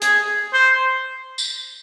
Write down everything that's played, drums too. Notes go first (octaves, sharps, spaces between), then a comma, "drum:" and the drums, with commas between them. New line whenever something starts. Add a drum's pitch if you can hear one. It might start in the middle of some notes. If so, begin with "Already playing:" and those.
G#4, drum: hi-hat
C5
drum: tambourine